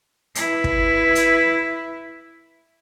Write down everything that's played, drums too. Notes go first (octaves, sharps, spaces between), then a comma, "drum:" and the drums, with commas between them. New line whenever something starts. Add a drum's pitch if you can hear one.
E4 B4, drum: hi-hat
drum: kick
drum: hi-hat